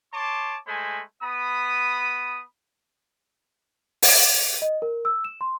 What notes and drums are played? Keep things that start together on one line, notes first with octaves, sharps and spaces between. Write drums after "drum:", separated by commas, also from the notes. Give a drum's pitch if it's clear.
C#5 A5 C6 D6
G#3 A3 C5 G#5 B5
B3 B5 D#6
drum: open hi-hat
D#5
A#4
E6
E7
C6